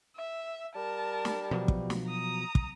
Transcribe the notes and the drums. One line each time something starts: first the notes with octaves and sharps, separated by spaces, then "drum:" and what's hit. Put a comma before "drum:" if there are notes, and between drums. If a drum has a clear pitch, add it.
E5
G3 A#4 A5
drum: snare
B2 F3 F#3
drum: kick
drum: snare
A#5 D#6
drum: kick